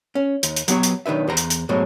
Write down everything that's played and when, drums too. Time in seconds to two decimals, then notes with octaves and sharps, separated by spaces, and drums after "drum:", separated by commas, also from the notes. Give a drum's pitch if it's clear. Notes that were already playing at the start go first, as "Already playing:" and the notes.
0.15 C#4
0.43 D#2, drum: hi-hat
0.56 drum: hi-hat
0.68 F#3 B3 G4 C#5, drum: hi-hat
0.83 drum: hi-hat
1.06 B1 D#3 D4 B4 E5
1.27 E2 C5 A#5
1.37 drum: hi-hat
1.50 drum: hi-hat
1.69 G#2 B2 F#3 G#3 A3